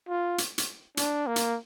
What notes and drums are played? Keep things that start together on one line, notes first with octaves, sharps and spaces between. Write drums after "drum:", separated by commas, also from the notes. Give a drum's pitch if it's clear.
F4
drum: hi-hat
drum: hi-hat
D4, drum: hi-hat
A#3
drum: hi-hat